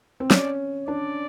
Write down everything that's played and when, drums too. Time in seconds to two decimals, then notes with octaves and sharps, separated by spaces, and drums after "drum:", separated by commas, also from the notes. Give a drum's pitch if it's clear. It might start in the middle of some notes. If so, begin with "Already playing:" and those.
0.20 C4
0.31 C#4 D5, drum: snare
0.88 D4 D5